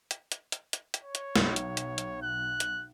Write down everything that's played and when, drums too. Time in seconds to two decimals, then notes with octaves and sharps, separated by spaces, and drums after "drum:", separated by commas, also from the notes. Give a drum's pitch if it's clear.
0.11 drum: hi-hat
0.32 drum: hi-hat
0.52 drum: hi-hat
0.73 drum: hi-hat
0.94 drum: hi-hat
1.04 C#5
1.15 drum: hi-hat
1.36 B1, drum: snare
1.56 drum: hi-hat
1.77 drum: hi-hat
1.98 drum: hi-hat
2.22 F#6
2.60 drum: hi-hat